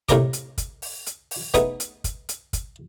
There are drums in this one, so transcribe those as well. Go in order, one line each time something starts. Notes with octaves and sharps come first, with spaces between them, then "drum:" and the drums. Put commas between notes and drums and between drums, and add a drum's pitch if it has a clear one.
A2 C3 G#3 A#4 A#5 D6, drum: kick, hi-hat
drum: hi-hat
drum: kick, hi-hat
drum: open hi-hat
drum: hi-hat
drum: open hi-hat
A3 B3 D#4 G#4, drum: kick, hi-hat
drum: hi-hat
drum: kick, hi-hat
drum: hi-hat
drum: kick, hi-hat